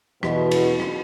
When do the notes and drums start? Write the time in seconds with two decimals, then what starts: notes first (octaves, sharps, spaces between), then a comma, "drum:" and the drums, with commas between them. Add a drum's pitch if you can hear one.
0.23 E2 B2, drum: rim click
0.51 drum: cymbal
0.80 drum: rim click